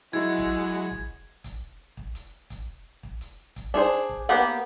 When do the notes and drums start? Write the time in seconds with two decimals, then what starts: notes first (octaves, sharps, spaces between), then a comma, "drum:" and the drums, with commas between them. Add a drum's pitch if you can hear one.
0.13 F#3 G#3 E4 G#6
0.38 drum: kick, hi-hat
0.74 drum: hi-hat
0.91 drum: kick
1.44 drum: kick, hi-hat
1.97 drum: kick
2.15 drum: hi-hat
2.50 drum: kick, hi-hat
3.03 drum: kick
3.21 drum: hi-hat
3.56 drum: kick, hi-hat
3.74 D4 G#4 C5
3.92 drum: hi-hat
4.09 drum: kick
4.29 A#3 B3 G4 F#5, drum: hi-hat